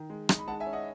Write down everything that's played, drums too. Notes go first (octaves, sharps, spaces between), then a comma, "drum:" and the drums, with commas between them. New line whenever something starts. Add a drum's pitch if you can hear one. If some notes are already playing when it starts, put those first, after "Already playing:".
Already playing: D#3
G#3
D#4, drum: rim click
B5
G#3 F#5 A5
E5 G#5
C#4
D#5 F#5